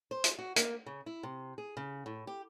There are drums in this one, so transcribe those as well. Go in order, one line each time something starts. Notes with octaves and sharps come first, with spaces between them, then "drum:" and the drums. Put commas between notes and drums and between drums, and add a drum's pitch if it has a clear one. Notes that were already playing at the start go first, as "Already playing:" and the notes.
C5
drum: hi-hat
F#4
A#3, drum: hi-hat
C#3
E4
C3
G#4
C#3
A2
G4